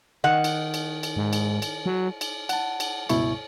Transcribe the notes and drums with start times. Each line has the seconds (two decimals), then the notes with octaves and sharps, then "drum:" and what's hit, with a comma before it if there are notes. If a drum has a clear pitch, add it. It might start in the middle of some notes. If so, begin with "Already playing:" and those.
0.24 D#3 F#5
0.44 drum: cymbal
0.74 drum: cymbal
1.03 drum: cymbal
1.16 G#2
1.33 drum: cymbal
1.62 drum: cymbal
1.86 F#3
2.21 drum: cymbal
2.49 F#5 A5, drum: cymbal
2.80 drum: cymbal
3.09 C#2 G2 B2 E4 C#6, drum: cymbal